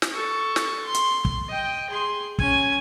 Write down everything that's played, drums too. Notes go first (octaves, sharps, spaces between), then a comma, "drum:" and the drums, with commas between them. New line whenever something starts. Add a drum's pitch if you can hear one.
drum: snare
A4 C#6
drum: snare
C6
drum: hi-hat
drum: kick
D#5 G5
G#4 C6
C#4 G#5, drum: kick